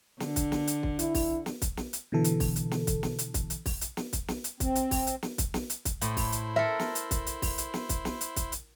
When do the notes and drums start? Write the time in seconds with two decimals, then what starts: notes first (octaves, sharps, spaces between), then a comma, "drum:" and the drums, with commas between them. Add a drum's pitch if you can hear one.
0.20 D3, drum: snare
0.36 drum: kick, hi-hat
0.52 drum: snare
0.67 drum: hi-hat
0.83 drum: kick
0.99 E4, drum: hi-hat
1.15 drum: kick, open hi-hat
1.46 drum: snare
1.62 drum: kick, hi-hat
1.77 drum: snare
1.93 drum: hi-hat
2.12 B2 D3 E3 A4
2.24 drum: hi-hat
2.40 drum: kick, open hi-hat
2.56 drum: hi-hat
2.71 drum: snare
2.87 drum: kick, hi-hat
3.03 drum: snare
3.19 drum: hi-hat
3.34 drum: kick, hi-hat
3.50 drum: hi-hat
3.66 drum: kick, open hi-hat
3.81 drum: hi-hat
3.97 drum: snare
4.13 drum: kick, hi-hat
4.28 drum: snare
4.44 drum: hi-hat
4.60 C4, drum: kick, hi-hat
4.75 drum: hi-hat
4.91 drum: kick, open hi-hat
5.07 drum: hi-hat
5.23 drum: snare
5.38 drum: kick, hi-hat
5.54 drum: snare
5.70 drum: hi-hat
5.85 drum: kick, hi-hat
6.01 A2 E4 C5, drum: hi-hat
6.17 drum: kick, open hi-hat
6.32 drum: hi-hat
6.56 A4 A#4 E5
6.79 drum: snare
6.95 drum: hi-hat
7.11 drum: kick, hi-hat
7.27 drum: hi-hat
7.42 drum: kick, open hi-hat
7.58 drum: hi-hat
7.74 drum: snare
7.89 drum: kick, hi-hat
8.05 drum: snare
8.21 drum: hi-hat
8.36 drum: kick, hi-hat
8.52 drum: hi-hat